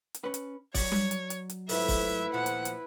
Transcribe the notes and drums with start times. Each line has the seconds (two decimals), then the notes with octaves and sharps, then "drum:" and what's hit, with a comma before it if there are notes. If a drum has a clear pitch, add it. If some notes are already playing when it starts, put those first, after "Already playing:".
0.14 drum: hi-hat
0.24 C#4 B4
0.34 drum: hi-hat
0.74 F#3 C#5 D5, drum: kick, open hi-hat
0.92 drum: tom G3
1.11 drum: hi-hat
1.30 drum: hi-hat
1.50 drum: hi-hat
1.69 G#2 F3 A3 E4 B4 E5, drum: open hi-hat
1.88 drum: kick, open hi-hat
2.34 D#2 A#2 F3 F#5
2.46 drum: hi-hat
2.65 drum: hi-hat